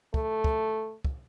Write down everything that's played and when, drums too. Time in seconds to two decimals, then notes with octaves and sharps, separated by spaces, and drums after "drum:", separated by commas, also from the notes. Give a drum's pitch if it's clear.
0.14 A3, drum: kick
0.44 drum: kick
1.05 drum: kick